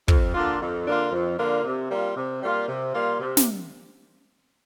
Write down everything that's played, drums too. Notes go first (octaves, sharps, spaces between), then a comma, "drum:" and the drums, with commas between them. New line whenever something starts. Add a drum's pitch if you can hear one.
F2, drum: kick
D3 A#3 D4 F4
F2
D3 A#3 D4 F4
F2
D3 A#3 D4 F4
C3
G3 A#3 F4
C3
G3 A#3 F4
C3
G3 A#3 F4
C3
drum: snare